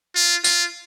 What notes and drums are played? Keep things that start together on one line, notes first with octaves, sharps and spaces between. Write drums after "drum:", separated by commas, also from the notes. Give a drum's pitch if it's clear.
F4
F4, drum: tambourine